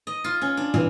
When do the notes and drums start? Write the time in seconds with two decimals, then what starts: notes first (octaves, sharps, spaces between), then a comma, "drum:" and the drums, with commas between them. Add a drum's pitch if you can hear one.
0.07 D#5
0.24 F4
0.42 C#4
0.57 D4
0.74 E3, drum: tom